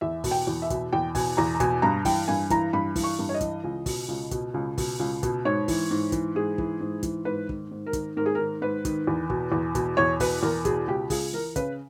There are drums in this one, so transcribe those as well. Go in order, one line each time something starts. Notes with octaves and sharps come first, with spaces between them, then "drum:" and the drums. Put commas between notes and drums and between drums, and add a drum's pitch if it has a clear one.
E2 E5
B2, drum: kick, open hi-hat
G5
E2
E5
B2, drum: kick, hi-hat
E2 G5
B2 G#5, drum: kick, open hi-hat
E2 A#5
A#5
B2 G#5, drum: kick, hi-hat
G2 A#5
E3 G5, drum: kick, open hi-hat
G2 G#5
E3 A#5, drum: kick, hi-hat
G2 B5
E3, drum: kick, open hi-hat
C#6
G2
C#5
D#5
E3, drum: kick, hi-hat
C#2
B2, drum: kick, open hi-hat
C#2
B2, drum: kick, hi-hat
C#2
B2, drum: kick, open hi-hat
C#2
B2, drum: kick, hi-hat
G#2 C#5
E3, drum: kick, open hi-hat
G#2
E3, drum: kick, hi-hat
G#2 G#4
E3, drum: kick
G#2
E3, drum: kick, hi-hat
G#2 B4
D#3, drum: kick
G#2
A#4
D#3, drum: kick, hi-hat
G#2 A#4
G#4
D#3 A#4
G#2 B4
D#3, drum: kick, hi-hat
E2
B2, drum: kick
E2
B2, drum: kick, hi-hat
E2 C#5
B2 B4, drum: kick, open hi-hat
E2 A#4
B2 G#4, drum: kick, hi-hat
C#2 G4
C#2 G#4, drum: kick, open hi-hat
E3 A#4
C#3 B4, drum: kick, hi-hat